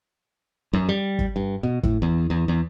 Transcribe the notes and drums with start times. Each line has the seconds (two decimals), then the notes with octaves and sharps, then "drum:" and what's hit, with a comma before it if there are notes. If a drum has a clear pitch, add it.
0.73 F#2
0.89 G3
1.19 drum: kick
1.36 G2
1.63 B2
1.83 A2, drum: kick
2.02 E2
2.30 E2
2.48 E2